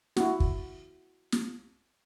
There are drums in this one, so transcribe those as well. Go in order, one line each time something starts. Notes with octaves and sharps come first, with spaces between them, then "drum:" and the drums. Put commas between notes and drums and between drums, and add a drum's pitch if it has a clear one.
E4 F#4, drum: snare
drum: kick
drum: snare